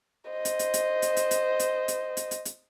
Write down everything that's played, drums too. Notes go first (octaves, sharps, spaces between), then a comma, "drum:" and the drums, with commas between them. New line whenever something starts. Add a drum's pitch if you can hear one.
C5 D#5
drum: hi-hat
drum: hi-hat
drum: hi-hat
drum: hi-hat
drum: hi-hat
drum: hi-hat
drum: hi-hat
drum: hi-hat
drum: hi-hat
drum: hi-hat
drum: hi-hat